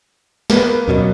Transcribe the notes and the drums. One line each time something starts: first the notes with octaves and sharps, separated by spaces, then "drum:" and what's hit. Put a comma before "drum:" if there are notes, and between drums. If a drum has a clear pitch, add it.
A#3 B3, drum: snare
F#2 B2 F#3